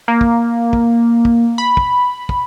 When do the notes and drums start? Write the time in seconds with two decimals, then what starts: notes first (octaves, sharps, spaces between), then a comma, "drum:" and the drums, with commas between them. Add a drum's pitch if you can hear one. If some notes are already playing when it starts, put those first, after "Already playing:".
0.08 A#3
0.21 drum: kick
0.73 drum: kick
1.25 drum: kick
1.58 B5
1.77 drum: kick
2.29 drum: kick